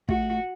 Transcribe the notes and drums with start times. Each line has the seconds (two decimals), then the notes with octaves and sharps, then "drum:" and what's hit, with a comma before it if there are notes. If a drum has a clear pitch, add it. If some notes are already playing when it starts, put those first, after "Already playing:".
0.09 A3 F#4, drum: kick